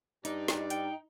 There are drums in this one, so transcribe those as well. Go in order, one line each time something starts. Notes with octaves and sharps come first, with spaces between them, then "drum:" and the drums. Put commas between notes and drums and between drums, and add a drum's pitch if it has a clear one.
G2 D#4 D5, drum: hi-hat
drum: snare
G5, drum: hi-hat